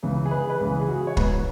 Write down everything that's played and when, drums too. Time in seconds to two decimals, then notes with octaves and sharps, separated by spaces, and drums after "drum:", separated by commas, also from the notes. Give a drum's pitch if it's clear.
0.03 C#2 C#3 E3
0.26 G#4
0.31 B4
0.50 B4
0.60 C#2 C#3 E3 G#4
0.81 G#4
0.88 F#4
1.07 C#5
1.17 G#2 E3 B4, drum: kick